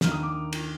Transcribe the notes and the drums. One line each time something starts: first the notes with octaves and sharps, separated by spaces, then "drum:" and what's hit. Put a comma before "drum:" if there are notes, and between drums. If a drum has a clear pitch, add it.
D#2 D#3 A#3 D4 F6, drum: snare
D#6
D6
drum: cymbal